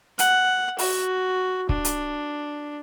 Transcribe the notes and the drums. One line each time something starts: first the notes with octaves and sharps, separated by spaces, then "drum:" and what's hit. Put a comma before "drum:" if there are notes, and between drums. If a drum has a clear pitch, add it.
F#5, drum: hi-hat
F#4, drum: open hi-hat
D4, drum: kick
drum: hi-hat